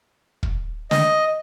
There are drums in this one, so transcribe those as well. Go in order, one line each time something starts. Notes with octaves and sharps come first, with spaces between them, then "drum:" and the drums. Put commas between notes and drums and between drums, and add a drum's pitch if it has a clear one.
drum: kick
D#5, drum: snare